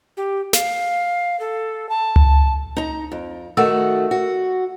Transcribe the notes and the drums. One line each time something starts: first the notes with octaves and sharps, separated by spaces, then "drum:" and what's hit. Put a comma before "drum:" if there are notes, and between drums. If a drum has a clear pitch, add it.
G4
F5, drum: snare
A4
A5
drum: tom C#2
D#4 A#5
F2
D#3 A3 F#4 A#4 F#5 E6
F#4